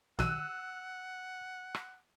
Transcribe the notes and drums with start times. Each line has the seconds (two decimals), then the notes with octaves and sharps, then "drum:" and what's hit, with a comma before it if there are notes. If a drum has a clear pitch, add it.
0.19 B1 B2 F#5 E6 F#6 D#7, drum: tom D#3
1.75 drum: rim click